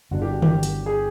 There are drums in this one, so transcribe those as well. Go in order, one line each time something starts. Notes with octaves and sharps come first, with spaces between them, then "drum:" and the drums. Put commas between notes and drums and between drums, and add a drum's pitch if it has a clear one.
G1 G2 D3 F#4
G4
F#4
G4, drum: tom D3
F#4
drum: hi-hat
G#4